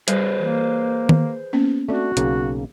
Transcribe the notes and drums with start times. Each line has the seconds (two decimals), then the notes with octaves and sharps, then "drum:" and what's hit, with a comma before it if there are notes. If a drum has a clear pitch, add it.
0.08 G3 G#4 B4 C5, drum: hi-hat
0.40 E3 A#3
1.09 drum: tom D#3
1.53 A#3 B3 C#4
1.89 A3 C4 D4 F#4
2.17 B1 C#3 A#3, drum: hi-hat